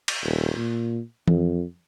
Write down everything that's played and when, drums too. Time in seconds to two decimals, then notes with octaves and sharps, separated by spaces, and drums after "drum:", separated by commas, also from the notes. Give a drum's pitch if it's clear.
0.08 drum: cymbal
0.23 D#1
0.56 A#2
1.28 F2, drum: tom E3